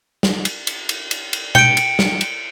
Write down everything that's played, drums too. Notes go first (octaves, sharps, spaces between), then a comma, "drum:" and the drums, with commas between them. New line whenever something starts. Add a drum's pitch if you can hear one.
drum: snare
drum: cymbal
drum: cymbal
drum: cymbal
drum: cymbal
drum: cymbal
G5 C#7 D7, drum: tom B2
drum: cymbal
drum: snare
drum: cymbal